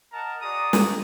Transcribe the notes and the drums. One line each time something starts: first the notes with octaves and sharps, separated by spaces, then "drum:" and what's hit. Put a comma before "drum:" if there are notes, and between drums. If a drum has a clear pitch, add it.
A#4 D#5 F#5 A5 A#5
F#4 G#4 D5 A#5 D#6
drum: snare